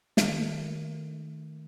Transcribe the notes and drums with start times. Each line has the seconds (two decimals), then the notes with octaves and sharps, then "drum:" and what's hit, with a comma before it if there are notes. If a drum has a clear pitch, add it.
0.17 D#3 A3, drum: snare